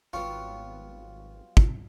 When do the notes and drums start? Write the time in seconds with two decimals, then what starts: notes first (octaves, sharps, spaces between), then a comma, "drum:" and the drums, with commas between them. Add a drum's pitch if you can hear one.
0.13 G#1 F#3 G3 B3 F4 C#6
1.57 drum: kick